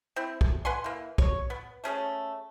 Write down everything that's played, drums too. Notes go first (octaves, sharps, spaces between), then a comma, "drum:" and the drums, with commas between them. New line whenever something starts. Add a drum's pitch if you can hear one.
C4 E4
drum: kick
B4 F#5 G#5 C6
E3 A#3
C#5, drum: kick
B3
A3 C#4 G#4 C#5